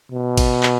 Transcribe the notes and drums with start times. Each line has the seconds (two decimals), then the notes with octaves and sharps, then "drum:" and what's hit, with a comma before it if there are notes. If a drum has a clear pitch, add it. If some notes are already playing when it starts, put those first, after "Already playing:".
0.12 B2
0.37 drum: kick, cymbal
0.63 drum: clap